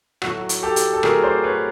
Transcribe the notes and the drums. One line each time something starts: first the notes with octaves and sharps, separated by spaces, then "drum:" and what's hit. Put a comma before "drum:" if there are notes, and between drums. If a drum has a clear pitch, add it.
A2 F#3 A3 F#4, drum: rim click
drum: hi-hat
G4 A4
drum: hi-hat
A4
A2 F#3 A3 G#4 A#4, drum: rim click
C5 D5
B4 C#5